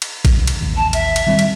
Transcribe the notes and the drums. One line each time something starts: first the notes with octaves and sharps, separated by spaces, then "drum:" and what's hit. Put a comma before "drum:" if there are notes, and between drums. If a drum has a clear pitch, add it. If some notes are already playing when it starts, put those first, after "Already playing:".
drum: cymbal
drum: kick, cymbal
drum: cymbal
A1 D#2
A5
E5, drum: cymbal
drum: cymbal
D#3 G3 C4
drum: cymbal